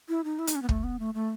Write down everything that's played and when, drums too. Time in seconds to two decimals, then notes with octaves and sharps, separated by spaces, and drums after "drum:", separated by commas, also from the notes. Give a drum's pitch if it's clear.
0.09 E4
0.24 D#4
0.39 E4
0.47 D#4, drum: hi-hat
0.55 C#4
0.62 B3
0.69 A3, drum: kick
0.84 B3
0.99 A3
1.14 A3